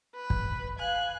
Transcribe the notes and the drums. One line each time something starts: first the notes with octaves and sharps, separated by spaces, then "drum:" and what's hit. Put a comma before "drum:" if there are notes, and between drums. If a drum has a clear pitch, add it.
B4
drum: kick
F5 G#5 F#6